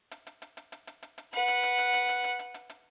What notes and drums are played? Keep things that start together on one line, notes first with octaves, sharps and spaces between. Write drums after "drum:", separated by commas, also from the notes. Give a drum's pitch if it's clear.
drum: hi-hat
drum: hi-hat
drum: hi-hat
drum: hi-hat
drum: hi-hat
drum: hi-hat
drum: hi-hat
drum: hi-hat
B4 F#5, drum: hi-hat
drum: hi-hat
drum: hi-hat
drum: hi-hat
drum: hi-hat
drum: hi-hat
drum: hi-hat
drum: hi-hat
drum: hi-hat
drum: hi-hat